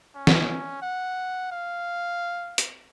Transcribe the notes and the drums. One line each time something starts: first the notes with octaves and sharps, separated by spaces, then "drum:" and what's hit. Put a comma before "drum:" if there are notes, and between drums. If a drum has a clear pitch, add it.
C#4
drum: snare
F#5
F5
drum: hi-hat